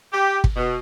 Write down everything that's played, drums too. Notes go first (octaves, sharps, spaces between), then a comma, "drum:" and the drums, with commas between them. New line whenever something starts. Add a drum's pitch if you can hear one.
G4
drum: kick
B2